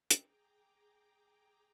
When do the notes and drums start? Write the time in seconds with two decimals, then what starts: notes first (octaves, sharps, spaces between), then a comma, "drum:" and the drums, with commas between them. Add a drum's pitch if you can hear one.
0.11 G#4 G5 A#5 D6, drum: hi-hat